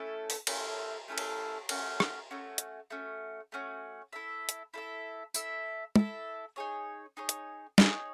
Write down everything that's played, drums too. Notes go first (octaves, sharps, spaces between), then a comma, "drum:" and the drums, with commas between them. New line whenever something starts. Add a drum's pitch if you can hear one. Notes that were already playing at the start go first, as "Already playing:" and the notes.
Already playing: A3 C#4 E4 A4
drum: open hi-hat
A3 C#4 E4 A4, drum: cymbal
A3 C#4 E4 A4
drum: cymbal
A3 C#4 F#4, drum: cymbal
drum: rim click
A3 C#4 F#4
drum: hi-hat
A3 C#4 F#4
A3 C#4 F#4
E4 A4 E5
drum: hi-hat
E4 A4 E5
E4 A4 E5, drum: tambourine
E4 A4 E5, drum: tom
D#4 G#4 C#5
D#4 G#4 C#5
drum: hi-hat
D#4 G#4 C#5, drum: snare